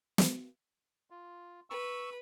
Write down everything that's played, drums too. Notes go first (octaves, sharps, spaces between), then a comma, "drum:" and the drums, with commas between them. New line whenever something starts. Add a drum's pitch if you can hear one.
drum: snare
F4
B4 C#6 E6